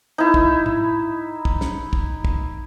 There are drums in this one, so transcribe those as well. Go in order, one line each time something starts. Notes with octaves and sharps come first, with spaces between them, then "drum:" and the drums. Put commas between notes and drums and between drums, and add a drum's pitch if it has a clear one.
D#4 E4
drum: kick
drum: tom A2
drum: kick
drum: snare
drum: kick
drum: kick